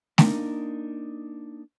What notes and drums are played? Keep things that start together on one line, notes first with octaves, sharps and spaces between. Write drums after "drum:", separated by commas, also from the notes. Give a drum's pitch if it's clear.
A#3 D4 D#4 A#4, drum: snare A3